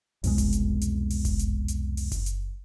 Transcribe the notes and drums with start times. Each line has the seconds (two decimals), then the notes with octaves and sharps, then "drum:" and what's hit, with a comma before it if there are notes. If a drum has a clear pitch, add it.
0.24 C2 F2 B2 G#3, drum: open hi-hat
0.38 drum: kick F#1, hi-hat
0.53 drum: hi-hat
0.81 drum: hi-hat
1.10 drum: open hi-hat
1.25 drum: kick F#1, hi-hat
1.39 drum: hi-hat
1.68 drum: hi-hat
1.97 drum: open hi-hat
2.12 drum: kick F#1, hi-hat
2.26 drum: hi-hat